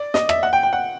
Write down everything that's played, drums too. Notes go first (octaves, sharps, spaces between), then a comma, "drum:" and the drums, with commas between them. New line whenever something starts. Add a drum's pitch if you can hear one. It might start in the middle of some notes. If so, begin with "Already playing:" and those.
Already playing: D5
D#5, drum: snare
E5, drum: rim click
F#5
G5
G5
F#5